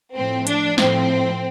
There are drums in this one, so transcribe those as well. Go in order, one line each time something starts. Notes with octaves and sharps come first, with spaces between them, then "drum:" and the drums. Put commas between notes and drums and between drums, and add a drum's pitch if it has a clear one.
A2 F3 C4
D4, drum: hi-hat
A2 F3 C4, drum: snare